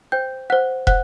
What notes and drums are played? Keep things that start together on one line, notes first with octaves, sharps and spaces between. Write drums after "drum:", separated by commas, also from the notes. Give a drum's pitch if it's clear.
C5 G5 G6
C5 F#5 F#6
C5 F#5 F#6, drum: kick